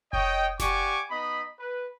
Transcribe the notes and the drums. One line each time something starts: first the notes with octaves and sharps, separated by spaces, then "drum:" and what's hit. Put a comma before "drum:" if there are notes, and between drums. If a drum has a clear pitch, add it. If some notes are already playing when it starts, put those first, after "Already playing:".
C#5 D#5 G5, drum: kick F1
G4 D5 F#5 G#5 C#6 D6, drum: snare F1
B3 D#4 D#5 B5
B4